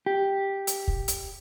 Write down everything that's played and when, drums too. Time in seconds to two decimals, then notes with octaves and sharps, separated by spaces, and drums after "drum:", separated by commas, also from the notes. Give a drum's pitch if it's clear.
0.06 G4
0.67 drum: hi-hat
0.88 drum: kick
1.08 drum: hi-hat